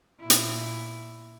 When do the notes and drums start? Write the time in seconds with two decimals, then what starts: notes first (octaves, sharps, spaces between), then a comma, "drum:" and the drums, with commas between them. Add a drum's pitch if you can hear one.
0.20 A#2 E4
0.30 drum: hi-hat